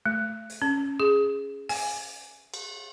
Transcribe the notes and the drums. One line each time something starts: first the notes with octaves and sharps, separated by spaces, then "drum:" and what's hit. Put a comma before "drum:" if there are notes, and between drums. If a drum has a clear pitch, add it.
A3
drum: hi-hat
C#4
G#4
G#5, drum: open hi-hat
drum: cymbal